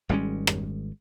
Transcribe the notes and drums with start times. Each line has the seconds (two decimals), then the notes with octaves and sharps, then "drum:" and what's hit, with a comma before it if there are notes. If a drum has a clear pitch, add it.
0.09 G#1 G3 G#3 C#4
0.47 drum: rim click